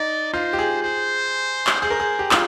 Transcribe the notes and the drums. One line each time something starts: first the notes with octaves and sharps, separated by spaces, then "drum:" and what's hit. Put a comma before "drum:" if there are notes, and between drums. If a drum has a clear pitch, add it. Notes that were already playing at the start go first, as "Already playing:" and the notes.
Already playing: D#4 D5
F4 C5
G4
G#4
C5
drum: clap
G#4 C5
A#4
G#4
G4
F4, drum: clap